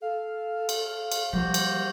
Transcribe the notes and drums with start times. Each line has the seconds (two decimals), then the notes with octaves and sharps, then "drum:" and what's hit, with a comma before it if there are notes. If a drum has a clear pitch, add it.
0.02 A4 F5
0.69 drum: cymbal
1.12 drum: cymbal
1.33 F3 G3 A#3 F#4 C5
1.54 drum: cymbal